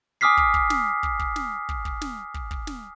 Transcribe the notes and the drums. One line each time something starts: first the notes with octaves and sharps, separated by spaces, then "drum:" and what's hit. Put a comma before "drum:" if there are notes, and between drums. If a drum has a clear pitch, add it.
G#5 D6 D#6 F6 B6 C7
drum: kick
drum: kick
drum: snare
drum: kick
drum: kick
drum: snare
drum: kick
drum: kick
drum: snare
drum: kick
drum: kick
drum: snare